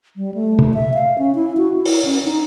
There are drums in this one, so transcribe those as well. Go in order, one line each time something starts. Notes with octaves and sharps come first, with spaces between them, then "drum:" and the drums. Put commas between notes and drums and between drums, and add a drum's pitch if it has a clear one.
G3
A3
drum: tom
E5
F5
C#4
E4
F#4
E4
drum: open hi-hat
C#4
D#4